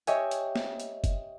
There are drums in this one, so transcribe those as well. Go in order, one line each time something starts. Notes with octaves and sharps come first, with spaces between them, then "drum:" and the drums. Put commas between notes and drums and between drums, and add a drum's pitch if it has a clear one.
G4 C#5 D#5 E5 G#5, drum: hi-hat
drum: hi-hat
drum: snare
drum: hi-hat
drum: kick F#1, hi-hat